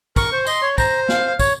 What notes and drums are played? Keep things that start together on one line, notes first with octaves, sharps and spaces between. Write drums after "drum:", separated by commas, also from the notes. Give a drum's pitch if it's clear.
A#4 C#6, drum: kick, tambourine
C5
D#5 C6, drum: tambourine
C#5
C5 A#5, drum: kick, tambourine
F5, drum: snare
C#5, drum: kick, tambourine